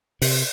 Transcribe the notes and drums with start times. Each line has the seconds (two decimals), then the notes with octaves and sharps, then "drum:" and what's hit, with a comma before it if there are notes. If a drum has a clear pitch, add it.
0.22 C3, drum: open hi-hat